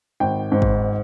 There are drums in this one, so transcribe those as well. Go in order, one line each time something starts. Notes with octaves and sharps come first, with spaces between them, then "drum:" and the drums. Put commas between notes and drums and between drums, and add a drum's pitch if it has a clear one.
G#1 G5
G#2
drum: kick